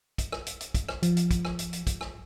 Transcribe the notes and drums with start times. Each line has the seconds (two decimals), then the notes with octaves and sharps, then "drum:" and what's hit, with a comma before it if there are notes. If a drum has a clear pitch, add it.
0.18 drum: kick, hi-hat
0.32 drum: rim click
0.46 drum: hi-hat
0.60 drum: hi-hat
0.75 drum: kick, hi-hat
0.89 drum: rim click
1.03 F3, drum: hi-hat
1.17 drum: hi-hat
1.31 drum: kick, hi-hat
1.45 drum: rim click
1.59 drum: hi-hat
1.73 drum: hi-hat
1.87 drum: kick, hi-hat
2.01 drum: rim click